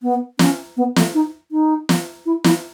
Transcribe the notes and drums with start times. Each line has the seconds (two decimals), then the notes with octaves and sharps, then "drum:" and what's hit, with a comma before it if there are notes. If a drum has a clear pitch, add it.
0.03 B3
0.39 C#4, drum: snare
0.77 B3
0.96 A3, drum: snare
1.14 D#4
1.52 D#4
1.89 drum: snare
2.26 E4
2.44 E4, drum: snare